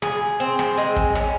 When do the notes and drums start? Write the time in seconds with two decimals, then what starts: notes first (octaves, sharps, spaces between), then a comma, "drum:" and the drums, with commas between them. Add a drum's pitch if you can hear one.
0.02 G#4, drum: rim click
0.40 C4
0.59 drum: rim click
0.78 G#3
0.96 drum: kick
1.15 C#4, drum: rim click